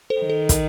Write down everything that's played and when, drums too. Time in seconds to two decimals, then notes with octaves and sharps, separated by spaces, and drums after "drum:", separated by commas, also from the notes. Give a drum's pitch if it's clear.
0.10 A4 C5
0.20 D#3
0.30 A4
0.49 A#4, drum: kick, hi-hat